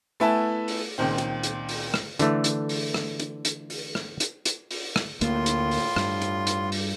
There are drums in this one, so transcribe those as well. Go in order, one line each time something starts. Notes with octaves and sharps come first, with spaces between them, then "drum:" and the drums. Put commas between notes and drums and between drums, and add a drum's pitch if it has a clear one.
A3 B3 E4 E5 G#5 A5
drum: open hi-hat
C#2 A#2 D#3 C4
drum: hi-hat
drum: hi-hat
drum: open hi-hat
drum: rim click
D3 E3 A3, drum: hi-hat
drum: hi-hat
drum: open hi-hat
drum: rim click
drum: hi-hat
drum: hi-hat
drum: open hi-hat
drum: rim click
drum: hi-hat
drum: hi-hat
drum: open hi-hat
drum: rim click
D2 A2 A#3 F4 C6, drum: hi-hat
drum: hi-hat
drum: open hi-hat
G2, drum: rim click
drum: hi-hat
drum: hi-hat
drum: open hi-hat